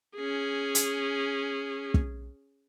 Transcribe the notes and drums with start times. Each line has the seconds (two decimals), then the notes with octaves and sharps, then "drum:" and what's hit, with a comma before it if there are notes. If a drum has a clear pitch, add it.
0.16 C#4 G#4
0.75 drum: hi-hat
1.94 drum: kick